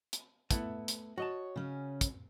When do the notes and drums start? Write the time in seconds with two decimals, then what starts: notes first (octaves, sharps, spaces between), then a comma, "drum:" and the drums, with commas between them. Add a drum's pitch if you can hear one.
0.13 drum: hi-hat
0.51 A3 B3 E4, drum: kick, hi-hat
0.88 drum: hi-hat
1.18 F#4 C#5 D#5 A5
1.56 C#3 C#4
2.01 drum: kick, hi-hat